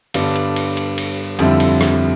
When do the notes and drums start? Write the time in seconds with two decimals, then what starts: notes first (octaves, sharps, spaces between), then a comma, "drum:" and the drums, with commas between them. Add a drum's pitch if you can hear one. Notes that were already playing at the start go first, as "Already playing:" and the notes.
0.14 G2 D3 G3 B3 D4, drum: cymbal
0.36 drum: cymbal
0.56 drum: cymbal
0.77 drum: cymbal
0.98 drum: cymbal
1.39 F2 D3 G3 C4 E4, drum: cymbal
1.60 drum: cymbal
1.81 drum: rim click